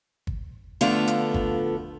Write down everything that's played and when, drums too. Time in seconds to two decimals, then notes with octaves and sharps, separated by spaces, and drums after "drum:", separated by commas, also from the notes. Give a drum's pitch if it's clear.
0.27 drum: kick G1
0.81 D3 F3 A3 B3 F4 F5
1.08 drum: hi-hat
1.34 drum: kick G1